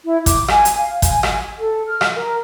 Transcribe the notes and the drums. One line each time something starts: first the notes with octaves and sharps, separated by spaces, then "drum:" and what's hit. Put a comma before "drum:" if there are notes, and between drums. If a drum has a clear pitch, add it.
E4
D6, drum: kick G1, hi-hat
G#5, drum: rim click
drum: hi-hat
F5
G#5, drum: kick G1, hi-hat
G#5, drum: rim click
A4
F6
drum: rim click
A#4